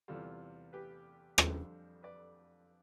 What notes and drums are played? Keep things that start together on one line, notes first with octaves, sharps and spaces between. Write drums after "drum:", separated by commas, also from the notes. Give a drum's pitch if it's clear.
E2 C3 G3 F4 A4
G4 B4
F2 D3 G3 D4 A4 C5, drum: rim click
B4 D5